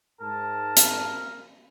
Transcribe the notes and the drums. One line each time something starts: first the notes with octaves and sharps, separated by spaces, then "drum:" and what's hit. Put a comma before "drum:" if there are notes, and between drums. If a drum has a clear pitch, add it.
G#2 A#4 A5
drum: hi-hat